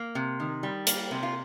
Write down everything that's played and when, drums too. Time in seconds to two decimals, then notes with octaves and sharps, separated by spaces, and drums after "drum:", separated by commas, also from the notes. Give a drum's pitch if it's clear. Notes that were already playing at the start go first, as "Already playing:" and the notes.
Already playing: A#3
0.15 C3
0.40 D#3
0.63 G3
0.87 A#3, drum: hi-hat
1.11 C3
1.23 F4